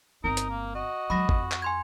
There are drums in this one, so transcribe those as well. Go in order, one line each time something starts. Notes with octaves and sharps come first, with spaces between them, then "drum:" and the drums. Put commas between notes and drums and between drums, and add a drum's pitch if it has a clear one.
G1 C4 D#4 A#4
drum: hi-hat
A#3
F#4 D#5
F#3 G#3 B5 D#6 A#6
F2, drum: kick G1
drum: clap
G#5 C6 G#6